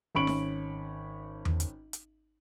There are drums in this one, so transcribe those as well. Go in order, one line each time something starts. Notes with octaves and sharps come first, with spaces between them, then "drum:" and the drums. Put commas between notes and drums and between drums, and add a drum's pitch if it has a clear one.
G#1 C#4 B5 C#6 D7 F#7
drum: snare D#4
drum: tom E2
drum: hi-hat
drum: hi-hat